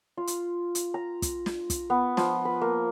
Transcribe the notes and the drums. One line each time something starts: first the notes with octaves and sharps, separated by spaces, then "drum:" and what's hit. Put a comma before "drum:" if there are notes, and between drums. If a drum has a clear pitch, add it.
F4
drum: hi-hat
drum: hi-hat
A#5
drum: kick, hi-hat
drum: snare
drum: kick, hi-hat
B3
F3, drum: snare
B4
A#3